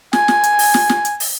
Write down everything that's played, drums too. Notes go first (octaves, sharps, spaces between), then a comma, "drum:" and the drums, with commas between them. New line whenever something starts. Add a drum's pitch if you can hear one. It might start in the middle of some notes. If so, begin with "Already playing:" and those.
G#5, drum: snare
drum: snare
drum: hi-hat
drum: open hi-hat
drum: snare
drum: snare
drum: hi-hat
drum: open hi-hat